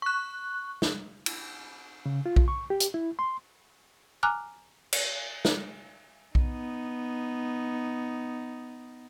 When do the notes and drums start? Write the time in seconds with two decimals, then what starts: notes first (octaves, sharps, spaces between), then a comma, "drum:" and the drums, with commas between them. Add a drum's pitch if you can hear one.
0.02 C#6 F#6
0.82 drum: snare
1.26 drum: cymbal
2.06 C#3
2.26 F4
2.36 drum: kick B1
2.48 C#6
2.70 G4
2.80 drum: hi-hat
2.94 E4
3.19 C6
4.23 G#5 A#5 D6 F6 F#6
4.93 drum: cymbal
5.45 drum: snare
6.35 B3 D#4, drum: kick B1